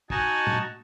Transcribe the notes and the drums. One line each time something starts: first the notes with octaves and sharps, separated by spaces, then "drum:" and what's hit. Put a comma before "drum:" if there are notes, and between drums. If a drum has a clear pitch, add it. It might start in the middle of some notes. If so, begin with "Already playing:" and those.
D#4 F#4 G#5 A5, drum: kick
drum: tom